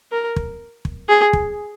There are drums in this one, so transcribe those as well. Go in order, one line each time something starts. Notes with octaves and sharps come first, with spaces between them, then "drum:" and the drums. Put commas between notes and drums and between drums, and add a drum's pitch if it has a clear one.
A#4
drum: kick
drum: kick
G#4
drum: kick